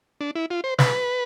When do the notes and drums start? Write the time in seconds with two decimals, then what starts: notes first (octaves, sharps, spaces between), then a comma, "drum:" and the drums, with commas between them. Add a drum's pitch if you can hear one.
0.21 D4
0.35 E4
0.50 F4
0.64 C5
0.79 B4, drum: snare